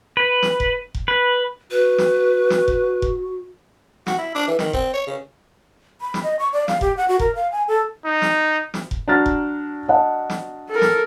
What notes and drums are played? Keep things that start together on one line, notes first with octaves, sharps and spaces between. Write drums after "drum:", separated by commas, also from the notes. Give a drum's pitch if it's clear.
B4
drum: snare
drum: kick F1
drum: kick F1
B4
F#4 B4
drum: snare
drum: snare
drum: kick F1
drum: kick F1
F#4, drum: snare
E4
D4
E3
D#3, drum: snare
C4, drum: kick F1
C#5
C#3
B5
drum: snare
D#5
C#6
D5
F5, drum: snare
G4, drum: kick F1
F#5
F#4
A#4, drum: kick F1
F5
G#5
A4
D#4
drum: snare
drum: snare
drum: kick F1
F#3 D4 A#5 F6 A6
drum: kick F1
D#5 F#5 A5
drum: snare
A4 A#4
drum: snare